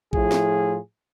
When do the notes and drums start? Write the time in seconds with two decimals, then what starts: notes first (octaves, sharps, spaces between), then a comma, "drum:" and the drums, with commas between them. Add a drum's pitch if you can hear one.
0.13 A2 F3 E4 F4 G#4, drum: kick A1
0.32 drum: snare